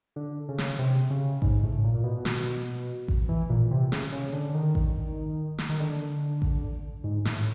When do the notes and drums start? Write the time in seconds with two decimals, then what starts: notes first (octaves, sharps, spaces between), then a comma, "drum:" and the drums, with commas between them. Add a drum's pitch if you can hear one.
0.16 D3
0.49 C#3
0.58 drum: snare
0.79 C3
1.10 C#3
1.42 G#2, drum: kick A1
1.63 A2
1.84 A#2
1.94 A#2
2.04 B2
2.25 drum: snare
3.08 drum: kick A1
3.29 E3
3.49 A#2
3.71 C3
3.92 C#3, drum: snare
4.12 C#3
4.33 D3
4.49 D3
4.54 D#3
4.75 drum: kick A1
5.58 drum: snare
5.69 D#3
5.80 D3
6.42 drum: kick A1
7.04 G#2
7.25 A2, drum: snare